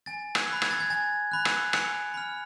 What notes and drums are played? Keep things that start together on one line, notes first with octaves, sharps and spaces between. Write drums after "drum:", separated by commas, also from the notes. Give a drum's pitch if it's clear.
G#5 A6
G#6, drum: rim click
B5 F#6
G#6, drum: rim click
A6
G#6
G#5 A6
B5 F#6
drum: rim click
G#5 C#7 F7, drum: rim click
B5 F6